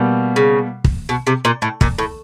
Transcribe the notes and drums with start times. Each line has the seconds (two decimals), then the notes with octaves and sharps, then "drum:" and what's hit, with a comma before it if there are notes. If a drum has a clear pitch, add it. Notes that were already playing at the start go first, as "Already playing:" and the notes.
Already playing: B2 G3 A#3
0.36 C#3
0.84 drum: kick
1.09 B2
1.27 C3
1.45 A#2
1.62 A2
1.81 A#2, drum: kick
1.98 A2